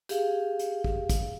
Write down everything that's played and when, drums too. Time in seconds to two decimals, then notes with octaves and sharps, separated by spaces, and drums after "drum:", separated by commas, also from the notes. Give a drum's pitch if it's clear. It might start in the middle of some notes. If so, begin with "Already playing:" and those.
0.09 G4 G#4 F5, drum: hi-hat
0.59 drum: hi-hat
0.84 drum: kick
1.09 drum: kick, hi-hat